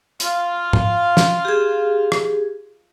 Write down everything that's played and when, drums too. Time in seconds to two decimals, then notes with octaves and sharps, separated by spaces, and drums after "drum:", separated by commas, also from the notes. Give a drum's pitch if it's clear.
0.20 F4 F5, drum: hi-hat
0.73 drum: tom G#2
1.17 drum: snare
1.45 G4 G#4
2.12 drum: rim click